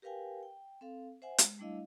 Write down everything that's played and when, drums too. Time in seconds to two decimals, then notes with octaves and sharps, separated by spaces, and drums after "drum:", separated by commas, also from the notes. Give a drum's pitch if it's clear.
0.02 G4 A#4 B4 F5 G5 G#5
0.43 G5
0.81 C4 A4 F5
1.22 C5 E5 F#5 G#5
1.38 G#3, drum: hi-hat
1.59 G3 A3 D4 E4 D#5 F5